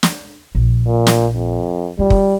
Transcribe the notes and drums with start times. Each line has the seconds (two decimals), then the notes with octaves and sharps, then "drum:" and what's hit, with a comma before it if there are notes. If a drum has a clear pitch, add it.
0.03 drum: snare
0.55 A#1
0.87 A#2
1.07 drum: snare
1.34 F2
1.99 G3 F4
2.10 drum: kick